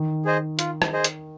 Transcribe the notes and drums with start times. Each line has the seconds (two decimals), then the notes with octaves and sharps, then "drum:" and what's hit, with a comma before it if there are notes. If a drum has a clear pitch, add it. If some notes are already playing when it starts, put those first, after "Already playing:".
Already playing: D#3
0.25 G#4 C5 D#5
0.59 F4, drum: hi-hat
0.82 drum: rim click
0.93 G#4 C5 D#5
1.04 drum: hi-hat